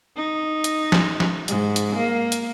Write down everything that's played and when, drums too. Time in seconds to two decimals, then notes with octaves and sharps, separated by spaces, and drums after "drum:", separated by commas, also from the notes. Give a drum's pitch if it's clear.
0.16 D#4
0.64 drum: hi-hat
0.92 drum: snare
1.20 drum: snare
1.48 G#2, drum: hi-hat
1.76 drum: hi-hat
1.95 A#3
2.32 drum: hi-hat